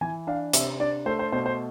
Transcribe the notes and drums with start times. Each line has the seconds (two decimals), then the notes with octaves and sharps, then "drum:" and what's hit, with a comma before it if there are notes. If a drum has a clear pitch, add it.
0.01 E3 G#5
0.27 D4 F5
0.53 C3 E5, drum: hi-hat
0.80 D4 D5
1.06 A3 C5
1.19 C5
1.32 B2 C5
1.46 C5